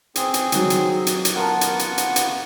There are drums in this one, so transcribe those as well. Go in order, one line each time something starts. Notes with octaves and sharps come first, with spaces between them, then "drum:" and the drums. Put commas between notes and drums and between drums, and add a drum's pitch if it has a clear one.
C4 G#4, drum: hi-hat
drum: hi-hat
D#3 F#3, drum: hi-hat
drum: hi-hat
drum: hi-hat
drum: hi-hat
B3 F4 A#4 F#5 A5
drum: hi-hat
drum: hi-hat
drum: hi-hat
drum: hi-hat